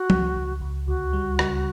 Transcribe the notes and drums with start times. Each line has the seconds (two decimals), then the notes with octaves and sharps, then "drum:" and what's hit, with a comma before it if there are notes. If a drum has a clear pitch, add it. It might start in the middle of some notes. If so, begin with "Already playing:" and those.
Already playing: F#4
0.10 C#2, drum: tom F3
0.36 C#2
0.61 C#2
0.87 D2 F#4
1.13 G3
1.39 C#3, drum: rim click